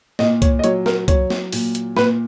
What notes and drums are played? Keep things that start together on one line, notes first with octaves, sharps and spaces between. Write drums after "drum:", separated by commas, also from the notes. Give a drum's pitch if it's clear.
A#2 D#5, drum: snare
C#5, drum: kick C2, hi-hat
D#5
F#3 C#5, drum: hi-hat
A#4, drum: snare
F#3 C#5, drum: kick C2, hi-hat
drum: snare
A#2, drum: open hi-hat
drum: hi-hat
A#2 B4, drum: snare